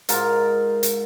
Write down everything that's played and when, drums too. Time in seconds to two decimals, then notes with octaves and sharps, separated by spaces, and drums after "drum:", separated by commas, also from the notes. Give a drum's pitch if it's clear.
0.09 G#2 F4 A#4 A#5, drum: hi-hat
0.83 drum: hi-hat